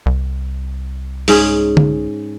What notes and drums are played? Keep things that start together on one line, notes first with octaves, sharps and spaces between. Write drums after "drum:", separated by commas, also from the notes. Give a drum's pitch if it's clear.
C2
G#2 C#4 G#4, drum: open hi-hat
drum: tom D3